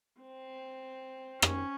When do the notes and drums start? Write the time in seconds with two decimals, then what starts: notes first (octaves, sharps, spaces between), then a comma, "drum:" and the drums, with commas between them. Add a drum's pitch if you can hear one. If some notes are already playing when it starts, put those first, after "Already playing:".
0.21 C4
1.42 C#4, drum: rim click